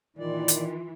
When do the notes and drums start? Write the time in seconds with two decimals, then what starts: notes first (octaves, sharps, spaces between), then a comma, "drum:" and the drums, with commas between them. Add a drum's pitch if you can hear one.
0.19 A#2 D#3 E3 F4 D5
0.48 drum: hi-hat